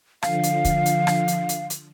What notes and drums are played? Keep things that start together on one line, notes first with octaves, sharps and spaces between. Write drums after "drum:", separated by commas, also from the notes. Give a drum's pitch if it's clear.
D3 F3 F5, drum: rim click
drum: hi-hat
drum: kick, hi-hat
drum: hi-hat
drum: rim click
drum: hi-hat
drum: hi-hat
drum: hi-hat